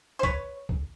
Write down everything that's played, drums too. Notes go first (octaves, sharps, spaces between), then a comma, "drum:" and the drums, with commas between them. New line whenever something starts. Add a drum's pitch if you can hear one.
C5
B4 C#5, drum: kick C#2
drum: kick C#2